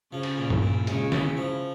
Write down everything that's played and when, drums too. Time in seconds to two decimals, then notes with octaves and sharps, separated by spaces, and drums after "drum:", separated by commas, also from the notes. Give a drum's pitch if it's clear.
0.12 C#3 F3
0.23 drum: cymbal
0.37 A#2
0.50 drum: tom G2
0.62 A#2
0.87 C#3 G#3, drum: hi-hat
1.12 E4, drum: snare
1.37 F3